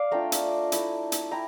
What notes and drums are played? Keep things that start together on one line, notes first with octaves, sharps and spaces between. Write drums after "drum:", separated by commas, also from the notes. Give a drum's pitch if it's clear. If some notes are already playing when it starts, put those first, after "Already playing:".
Already playing: D5 F5
A3 D4 F4 G5 A#5
drum: hi-hat
A3 E4, drum: hi-hat
drum: hi-hat
E4 G5 A#5